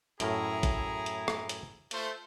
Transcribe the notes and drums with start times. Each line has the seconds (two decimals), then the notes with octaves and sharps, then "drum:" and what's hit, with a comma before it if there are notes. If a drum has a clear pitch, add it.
0.20 F#2 A2 E4 G#4 A#4 A#5, drum: hi-hat
0.63 drum: kick G#1, hi-hat
1.06 drum: hi-hat
1.28 drum: rim click
1.49 drum: hi-hat
1.91 A3 F4 C5, drum: hi-hat